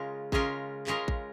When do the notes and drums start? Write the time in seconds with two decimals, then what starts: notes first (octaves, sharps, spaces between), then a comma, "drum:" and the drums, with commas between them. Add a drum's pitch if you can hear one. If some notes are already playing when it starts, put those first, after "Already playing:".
Already playing: C#3 G#3 C#4 F4 A#4
0.32 C#3 G#3 C#4 F4 A#4, drum: kick A1
0.87 C#3 G#3 C#4 F4 A#4, drum: clap
1.08 drum: kick A1